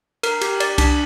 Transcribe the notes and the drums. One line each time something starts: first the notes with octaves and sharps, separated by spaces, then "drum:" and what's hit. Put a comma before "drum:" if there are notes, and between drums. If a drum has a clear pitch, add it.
A#4, drum: cymbal
G4, drum: cymbal
D5, drum: cymbal
D4, drum: kick C2, cymbal